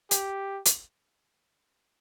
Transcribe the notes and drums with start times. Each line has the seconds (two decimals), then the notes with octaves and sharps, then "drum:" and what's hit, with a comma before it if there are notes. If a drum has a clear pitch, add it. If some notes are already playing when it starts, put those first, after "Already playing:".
0.11 G4, drum: hi-hat
0.65 drum: hi-hat